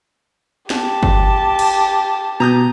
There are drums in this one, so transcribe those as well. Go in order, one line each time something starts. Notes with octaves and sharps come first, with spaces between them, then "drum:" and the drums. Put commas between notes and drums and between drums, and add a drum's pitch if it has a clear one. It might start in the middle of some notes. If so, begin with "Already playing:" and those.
G4 A5, drum: snare
drum: kick G1
drum: cymbal
B2 A#5 D#6 G6